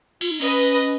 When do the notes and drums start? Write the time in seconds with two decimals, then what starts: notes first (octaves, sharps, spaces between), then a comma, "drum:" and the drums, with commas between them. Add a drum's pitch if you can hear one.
0.21 F4, drum: cymbal
0.31 D#4
0.41 C#4 B4 D#5, drum: cymbal